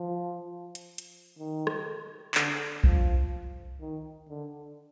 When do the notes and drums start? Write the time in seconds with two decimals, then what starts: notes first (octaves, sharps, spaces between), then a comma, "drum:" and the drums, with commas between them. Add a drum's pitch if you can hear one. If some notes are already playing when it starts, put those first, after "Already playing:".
Already playing: F3
0.75 drum: hi-hat
0.98 drum: hi-hat
1.38 D#3
1.67 drum: rim click
2.35 D3, drum: clap
2.84 F3, drum: kick B1
3.80 D#3
4.29 D3